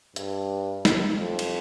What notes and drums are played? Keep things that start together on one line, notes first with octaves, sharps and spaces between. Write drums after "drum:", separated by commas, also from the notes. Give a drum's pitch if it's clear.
G2, drum: hi-hat
drum: snare
F2
drum: cymbal